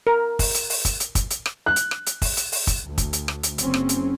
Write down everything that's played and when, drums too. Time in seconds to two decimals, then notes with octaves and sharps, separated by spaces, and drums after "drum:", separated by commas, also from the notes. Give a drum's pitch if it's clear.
0.07 A#4
0.39 drum: kick, open hi-hat
0.54 drum: hi-hat
0.70 drum: open hi-hat
0.85 drum: kick, hi-hat
1.00 drum: hi-hat
1.15 drum: kick, hi-hat
1.30 drum: hi-hat
1.46 drum: rim click
1.66 F#6
1.76 drum: hi-hat
1.91 drum: rim click
2.06 drum: hi-hat
2.22 drum: kick, open hi-hat
2.37 drum: hi-hat
2.52 drum: open hi-hat
2.67 drum: kick, hi-hat
2.82 D2
2.98 drum: kick, hi-hat
3.13 drum: hi-hat
3.28 drum: rim click
3.43 drum: hi-hat
3.58 F#1 C4 C#4, drum: hi-hat
3.74 drum: rim click
3.89 drum: hi-hat